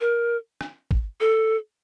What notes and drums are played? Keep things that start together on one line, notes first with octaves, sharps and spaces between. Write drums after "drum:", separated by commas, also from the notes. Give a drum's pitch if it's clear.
A#4
drum: rim click
drum: kick
A4